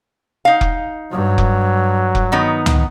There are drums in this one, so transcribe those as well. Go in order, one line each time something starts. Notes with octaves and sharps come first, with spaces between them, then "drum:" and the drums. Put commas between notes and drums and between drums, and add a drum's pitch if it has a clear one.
D#4 F5
drum: kick F1
G2 F#3
drum: kick F1
drum: kick F1
D#3 B3 D#4
drum: tom C#2